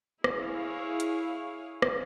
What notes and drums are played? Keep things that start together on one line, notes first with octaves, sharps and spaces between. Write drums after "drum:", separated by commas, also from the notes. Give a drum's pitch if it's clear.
E4 G#4 C#5 F5, drum: rim click
drum: hi-hat
drum: rim click